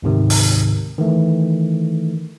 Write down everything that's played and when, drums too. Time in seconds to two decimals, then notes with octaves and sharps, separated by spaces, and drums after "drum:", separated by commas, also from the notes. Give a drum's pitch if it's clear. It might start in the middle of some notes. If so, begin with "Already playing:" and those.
0.02 D2 G#2 C3 D#3
0.30 drum: open hi-hat
0.98 D#3 E3 A3